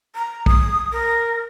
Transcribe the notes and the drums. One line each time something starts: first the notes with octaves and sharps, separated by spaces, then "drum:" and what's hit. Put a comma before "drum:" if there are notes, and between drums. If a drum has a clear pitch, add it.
A#5
D#6, drum: kick
A#4